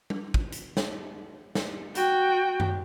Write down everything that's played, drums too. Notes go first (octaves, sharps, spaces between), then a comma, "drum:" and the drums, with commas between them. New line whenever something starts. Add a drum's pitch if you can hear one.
drum: tom G3
drum: kick
drum: hi-hat
drum: snare
drum: snare
F#4 G5, drum: hi-hat
drum: tom F#2